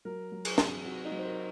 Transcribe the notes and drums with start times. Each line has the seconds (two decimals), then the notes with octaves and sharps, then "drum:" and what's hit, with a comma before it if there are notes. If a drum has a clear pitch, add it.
0.05 F#3 A#4
0.32 F#3
0.45 G#4, drum: cymbal
0.58 C3, drum: snare
0.84 C3 F#4
1.05 D#4
1.11 F#3
1.19 C5
1.25 A#4